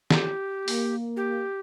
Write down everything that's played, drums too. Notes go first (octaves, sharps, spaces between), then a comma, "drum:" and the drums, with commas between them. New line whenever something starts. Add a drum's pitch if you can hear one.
G4, drum: snare
A#3, drum: open hi-hat
G4